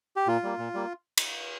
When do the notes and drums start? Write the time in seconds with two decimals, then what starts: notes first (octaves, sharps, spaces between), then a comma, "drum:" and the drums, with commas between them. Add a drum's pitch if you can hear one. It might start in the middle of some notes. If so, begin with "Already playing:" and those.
0.16 G4
0.27 A#2 F4
0.43 G3 A#3
0.59 A#2
0.74 G3 A#3
1.18 drum: cymbal